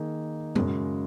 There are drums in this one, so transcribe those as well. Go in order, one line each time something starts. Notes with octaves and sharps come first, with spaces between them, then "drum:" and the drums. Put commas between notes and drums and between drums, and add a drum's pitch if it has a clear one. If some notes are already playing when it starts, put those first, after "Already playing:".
Already playing: D#3 A#3 D#4 G#4
F#2 C#3 G#3, drum: tom A2